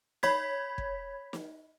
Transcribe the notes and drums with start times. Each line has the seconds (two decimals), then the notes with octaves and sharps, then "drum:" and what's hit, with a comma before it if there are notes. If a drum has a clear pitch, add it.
0.23 C#5 B5 G#6 B6, drum: snare
0.78 drum: kick
1.33 drum: snare